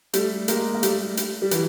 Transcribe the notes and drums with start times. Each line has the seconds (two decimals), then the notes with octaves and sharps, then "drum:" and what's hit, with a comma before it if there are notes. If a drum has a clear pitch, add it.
0.13 G3 A3, drum: hi-hat
0.48 G#3 A#3, drum: hi-hat
0.75 A#3
0.83 G3 A3, drum: hi-hat
1.17 drum: hi-hat
1.42 G3
1.51 E3 F#3, drum: hi-hat